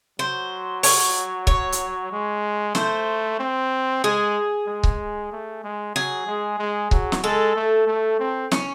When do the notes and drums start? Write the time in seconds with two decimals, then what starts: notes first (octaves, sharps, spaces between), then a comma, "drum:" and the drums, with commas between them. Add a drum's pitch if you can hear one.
0.19 F#3 C5
0.83 C#5, drum: open hi-hat
1.47 C#5, drum: kick C#1
1.72 drum: hi-hat
2.12 G#3
2.75 A3 C5, drum: snare
3.39 C4
4.04 G#3 G#4
4.67 G#3
4.83 drum: kick C#1
5.32 A3
5.64 G#3
5.95 F#3 G#4
6.27 G#3
6.59 G#3
6.91 F#3, drum: kick C#1
7.12 drum: snare
7.23 G#3 A4
7.55 A3
7.87 A3
8.19 C4
8.52 C#4, drum: snare